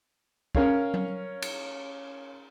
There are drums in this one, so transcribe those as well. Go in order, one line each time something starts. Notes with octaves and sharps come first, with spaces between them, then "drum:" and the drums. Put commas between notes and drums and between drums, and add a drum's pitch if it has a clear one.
C#4 A#4 C#5 F5, drum: kick
drum: tom F#3
drum: cymbal